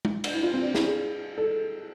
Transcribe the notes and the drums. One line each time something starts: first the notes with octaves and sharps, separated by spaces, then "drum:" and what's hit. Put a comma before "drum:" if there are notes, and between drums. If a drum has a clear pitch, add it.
drum: tom G#3
D4, drum: cymbal
E4
F4
C4
D4
E4, drum: snare
G#4
A4